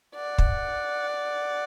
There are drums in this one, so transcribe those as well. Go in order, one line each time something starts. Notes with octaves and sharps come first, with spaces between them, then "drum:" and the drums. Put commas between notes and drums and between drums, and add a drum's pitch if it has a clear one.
D5 F#5
drum: kick
F#5